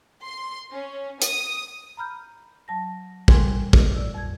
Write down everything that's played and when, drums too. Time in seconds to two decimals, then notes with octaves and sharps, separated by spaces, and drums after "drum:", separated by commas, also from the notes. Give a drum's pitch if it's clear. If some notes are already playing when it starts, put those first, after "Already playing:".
0.23 C6
0.72 C#4
1.22 D#6, drum: hi-hat
1.97 A#5 B5 F6 G6
2.68 F#3 A5 A#6
3.28 A#2 C#3 G3 G#5 C6 G#6, drum: kick
3.73 drum: kick
3.96 D5 E6
4.14 F2 G#6